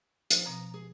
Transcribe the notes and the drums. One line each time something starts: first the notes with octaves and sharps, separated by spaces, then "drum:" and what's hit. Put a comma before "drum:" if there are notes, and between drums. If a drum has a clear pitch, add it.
F3 A#3, drum: hi-hat
B2 F3 C4 A#5
G#4